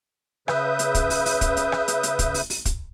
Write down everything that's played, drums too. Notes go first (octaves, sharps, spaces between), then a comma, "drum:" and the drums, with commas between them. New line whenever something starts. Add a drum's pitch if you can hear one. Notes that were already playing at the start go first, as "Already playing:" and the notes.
C#3 B4 E5 D#6 G6, drum: rim click
drum: hi-hat
drum: kick, hi-hat
drum: open hi-hat
drum: open hi-hat
drum: kick, hi-hat
drum: hi-hat
drum: rim click
drum: hi-hat
drum: hi-hat
drum: kick, hi-hat
drum: open hi-hat
drum: open hi-hat
drum: kick, hi-hat